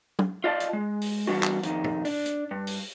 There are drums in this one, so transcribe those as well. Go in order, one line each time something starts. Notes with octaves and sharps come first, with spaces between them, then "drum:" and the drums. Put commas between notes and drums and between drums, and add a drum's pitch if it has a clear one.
drum: tom F#3
F4 D5 D#5 A5
drum: hi-hat
G#3
drum: open hi-hat
E3 G3 B3 D4 F#4
drum: clap
F2 D#3, drum: hi-hat
drum: tom
D4, drum: open hi-hat
drum: hi-hat
G2
drum: open hi-hat